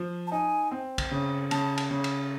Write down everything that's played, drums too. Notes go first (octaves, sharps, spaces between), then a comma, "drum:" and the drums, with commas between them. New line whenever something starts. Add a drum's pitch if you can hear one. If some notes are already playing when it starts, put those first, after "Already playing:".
Already playing: F3
A5
D#4 G#5
C4
drum: kick A#1, cymbal
C#3
C#3 A5, drum: cymbal
drum: cymbal
C#3
drum: cymbal